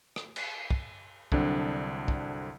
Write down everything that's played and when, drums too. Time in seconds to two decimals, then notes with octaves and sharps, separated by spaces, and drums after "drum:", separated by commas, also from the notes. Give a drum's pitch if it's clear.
0.16 drum: rim click
0.36 drum: cymbal
0.71 drum: kick
1.32 C2 D3 F#3 C4 D4, drum: kick
2.08 drum: kick